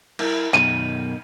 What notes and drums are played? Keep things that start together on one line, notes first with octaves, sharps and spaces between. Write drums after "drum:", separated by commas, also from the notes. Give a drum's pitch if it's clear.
E4 A#4, drum: cymbal
F#2 B2 D#4 D#7, drum: clap